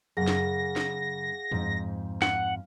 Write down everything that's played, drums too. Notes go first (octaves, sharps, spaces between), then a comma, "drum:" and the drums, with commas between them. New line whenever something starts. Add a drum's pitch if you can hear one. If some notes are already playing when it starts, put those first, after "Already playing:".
F#2 C#3 G#4 F5 F#5 A#6
drum: snare
drum: snare
F2 G#2, drum: tom G2
F5 F#5, drum: snare